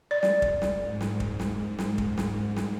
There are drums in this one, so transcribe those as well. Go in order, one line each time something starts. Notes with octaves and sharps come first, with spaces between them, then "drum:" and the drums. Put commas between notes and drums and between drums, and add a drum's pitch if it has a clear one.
D5
drum: snare
drum: kick
drum: snare
G#2
drum: snare
drum: kick
drum: snare
drum: snare
drum: kick
drum: snare
drum: snare